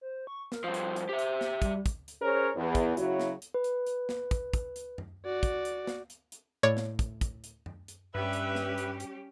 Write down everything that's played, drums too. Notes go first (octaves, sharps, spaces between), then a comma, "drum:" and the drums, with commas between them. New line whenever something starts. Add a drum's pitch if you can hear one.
C5
C#6
A#4, drum: snare
G2 F3 C5
drum: hi-hat
drum: hi-hat
G4 E5
drum: hi-hat
drum: snare
G3, drum: kick, hi-hat
drum: kick, hi-hat
drum: hi-hat
C#4 G#4 A#4 C5 C#5
E2
drum: kick, hi-hat
C#3 F#3 E4 F#4 C#5, drum: hi-hat
drum: snare
drum: hi-hat
B4
drum: hi-hat
drum: hi-hat
drum: snare
drum: kick, hi-hat
drum: kick, hi-hat
drum: hi-hat
drum: tom F#2
F#4 D5
drum: kick, hi-hat
drum: hi-hat
drum: snare
drum: hi-hat
drum: hi-hat
A2 C#5 D5
drum: snare
drum: kick, hi-hat
drum: kick, hi-hat
drum: hi-hat
drum: tom F#2
drum: hi-hat
G2 G3 C#4 G4 B4 E5
drum: hi-hat
drum: snare
drum: hi-hat
drum: hi-hat